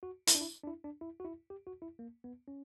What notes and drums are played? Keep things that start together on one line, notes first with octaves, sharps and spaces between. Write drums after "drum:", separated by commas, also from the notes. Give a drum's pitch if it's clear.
F#4
E4, drum: hi-hat
D4
E4
D4
E4
D4
E4
F#4
E4
G4
F#4
E4
A#3
B3
C#4